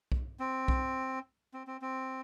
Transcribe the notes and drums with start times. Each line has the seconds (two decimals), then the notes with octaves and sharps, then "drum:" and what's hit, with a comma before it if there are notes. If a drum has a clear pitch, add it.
0.12 drum: kick B1
0.40 C4
0.68 drum: kick B1
1.54 C4
1.67 C4
1.82 C4